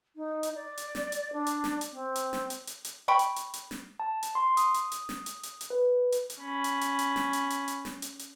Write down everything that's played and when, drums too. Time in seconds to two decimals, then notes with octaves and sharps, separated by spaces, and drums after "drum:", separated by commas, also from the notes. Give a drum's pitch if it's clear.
0.16 D#4
0.43 drum: hi-hat
0.55 D5
0.77 drum: hi-hat
0.95 drum: snare
1.12 drum: hi-hat
1.33 D4
1.46 drum: hi-hat
1.64 drum: snare
1.81 drum: hi-hat
1.91 C4
2.16 drum: hi-hat
2.33 drum: snare
2.50 drum: hi-hat
2.67 drum: hi-hat
2.85 drum: hi-hat
3.08 G5 B5 C#6
3.19 drum: hi-hat
3.36 drum: hi-hat
3.54 drum: hi-hat
3.71 drum: snare
4.00 A5
4.23 drum: hi-hat
4.35 C6
4.57 D#6, drum: hi-hat
4.74 drum: hi-hat
4.92 drum: hi-hat
5.09 drum: snare
5.26 drum: hi-hat
5.43 drum: hi-hat
5.61 drum: hi-hat
5.70 B4
6.12 drum: hi-hat
6.30 drum: hi-hat
6.40 C#4 B5
6.64 drum: hi-hat
6.81 drum: hi-hat
6.99 drum: hi-hat
7.16 drum: snare
7.33 drum: hi-hat
7.50 drum: hi-hat
7.68 drum: hi-hat
7.85 drum: snare
8.02 drum: hi-hat
8.19 drum: hi-hat